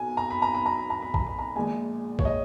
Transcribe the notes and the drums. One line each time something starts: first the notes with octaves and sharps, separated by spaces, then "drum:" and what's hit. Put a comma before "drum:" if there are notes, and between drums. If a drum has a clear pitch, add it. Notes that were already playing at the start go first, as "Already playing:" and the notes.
Already playing: B1 B2 G#5
A#5
B5
A#5
B5
A#5
B5
A#5
B5
A#5, drum: kick A#1
B5
A#5
A#1 A#2 G#3 G#5
C#5, drum: kick A#1
D#5